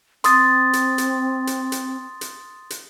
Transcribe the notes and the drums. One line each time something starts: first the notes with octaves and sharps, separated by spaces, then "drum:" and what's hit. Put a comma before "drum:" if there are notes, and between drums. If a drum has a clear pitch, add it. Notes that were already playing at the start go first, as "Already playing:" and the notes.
C4 C6 D#6 A6, drum: hi-hat
drum: hi-hat
drum: hi-hat
drum: hi-hat
drum: hi-hat
drum: hi-hat
drum: hi-hat